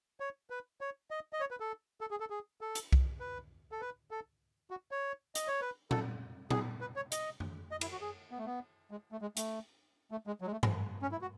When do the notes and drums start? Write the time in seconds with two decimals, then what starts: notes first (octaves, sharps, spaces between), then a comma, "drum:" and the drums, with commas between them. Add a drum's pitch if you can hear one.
0.20 C#5
0.50 B4
0.81 C#5
1.11 D#5
1.33 D#5
1.40 C#5
1.51 B4
1.60 A4
2.01 A4
2.11 G#4
2.20 A4
2.30 G#4
2.61 A4
2.75 drum: hi-hat
2.93 drum: kick C2
3.20 B4
3.72 A4
3.81 B4
4.11 A4
4.71 F#4
4.91 C#5
5.35 D#5, drum: hi-hat
5.48 C#5
5.61 B4
5.91 A4, drum: tom
6.50 G#4, drum: tom
6.81 B4
6.96 C#5
7.12 D#5, drum: hi-hat
7.40 drum: tom F#2
7.71 D#5
7.81 E4, drum: cymbal
7.92 F#4
8.01 G#4
8.31 B3
8.38 A3
8.46 B3
8.91 G#3
9.12 A3
9.22 G#3
9.37 A3, drum: hi-hat
10.11 A3
10.27 G#3
10.41 F#3
10.47 G#3
10.52 A3
10.63 drum: tom G2
11.02 C#4
11.12 E4
11.22 F#4